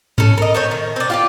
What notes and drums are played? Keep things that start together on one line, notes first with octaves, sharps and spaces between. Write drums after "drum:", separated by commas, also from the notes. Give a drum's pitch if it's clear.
C#4 A4, drum: tom G#2
A#4 D#5
A3 C4 C#5
D#3
C4 D4
F4 G4 D5